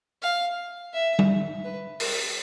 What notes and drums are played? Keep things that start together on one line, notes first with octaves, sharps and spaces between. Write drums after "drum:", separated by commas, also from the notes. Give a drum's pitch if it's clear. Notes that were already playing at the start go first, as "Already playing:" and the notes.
F5
E5
drum: tom G3
B4
A#4, drum: open hi-hat